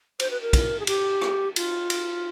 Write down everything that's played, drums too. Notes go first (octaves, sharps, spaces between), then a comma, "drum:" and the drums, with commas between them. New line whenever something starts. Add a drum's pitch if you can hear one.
C5, drum: cymbal
B4
A#4
drum: kick, cymbal
G#4
G4, drum: cymbal
drum: rim click
F4, drum: cymbal
drum: cymbal